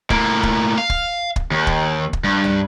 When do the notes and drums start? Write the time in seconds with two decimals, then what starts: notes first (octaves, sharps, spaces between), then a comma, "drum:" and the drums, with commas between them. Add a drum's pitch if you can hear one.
0.10 A2 A#3, drum: kick
0.43 drum: kick
0.78 F5
0.90 drum: kick
1.36 drum: kick
1.51 D#2
1.67 drum: kick
2.13 drum: kick
2.24 G2
2.44 drum: tom